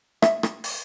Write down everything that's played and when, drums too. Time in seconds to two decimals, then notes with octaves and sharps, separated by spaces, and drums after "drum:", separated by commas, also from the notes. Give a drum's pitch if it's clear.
0.22 E5, drum: rim click
0.43 drum: rim click
0.64 drum: open hi-hat